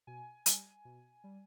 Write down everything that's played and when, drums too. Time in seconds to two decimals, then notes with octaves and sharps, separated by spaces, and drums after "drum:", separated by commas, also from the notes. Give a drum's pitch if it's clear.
0.07 B2 G#5
0.46 G3, drum: hi-hat
0.85 B2
1.24 G3